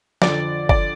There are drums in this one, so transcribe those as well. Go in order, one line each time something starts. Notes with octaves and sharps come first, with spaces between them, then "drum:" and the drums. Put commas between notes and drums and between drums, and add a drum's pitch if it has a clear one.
F2 D3 F3 D5, drum: snare
D5, drum: kick F#1